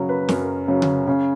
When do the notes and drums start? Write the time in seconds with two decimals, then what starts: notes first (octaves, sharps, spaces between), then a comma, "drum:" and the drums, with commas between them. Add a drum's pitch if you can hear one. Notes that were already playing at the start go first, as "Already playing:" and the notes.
Already playing: F#2 C#3 F#3 A#4 C#5
0.09 B4
0.29 F#2 A#4, drum: snare
0.68 C#3 F#3
0.82 drum: tom C#3
1.07 C#3